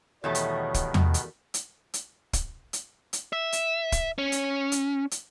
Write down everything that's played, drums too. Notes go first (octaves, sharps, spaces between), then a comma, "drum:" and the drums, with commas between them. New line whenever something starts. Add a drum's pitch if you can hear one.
E2 B2 D#3 G3 A3 C#5
drum: hi-hat
drum: kick, hi-hat
drum: tom E2
drum: hi-hat
drum: hi-hat
drum: hi-hat
drum: kick, hi-hat
drum: hi-hat
drum: hi-hat
E5
drum: hi-hat
drum: kick, hi-hat
C#4
drum: hi-hat
drum: hi-hat
drum: hi-hat